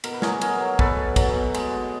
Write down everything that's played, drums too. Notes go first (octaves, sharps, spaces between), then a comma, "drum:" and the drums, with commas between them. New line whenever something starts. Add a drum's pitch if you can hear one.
B2 A#4, drum: cymbal
B4
F#3 G#4 A#4, drum: snare
B2 G#4 A#4, drum: cymbal
F#3
B2 A4 B4, drum: kick
B2
F#3, drum: kick, cymbal
B2
G#3, drum: cymbal
G#3